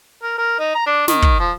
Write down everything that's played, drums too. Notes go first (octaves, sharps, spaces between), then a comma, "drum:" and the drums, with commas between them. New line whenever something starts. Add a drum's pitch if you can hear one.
A#4
A#4
D#4
A#5
D4
D#3, drum: snare
drum: kick
F3